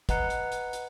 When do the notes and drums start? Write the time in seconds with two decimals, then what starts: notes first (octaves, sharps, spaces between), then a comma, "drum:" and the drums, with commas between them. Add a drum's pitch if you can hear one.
0.09 B4 D#5 F#5 A#5 F#6 C#7, drum: kick, hi-hat
0.30 drum: hi-hat
0.52 drum: hi-hat
0.73 drum: hi-hat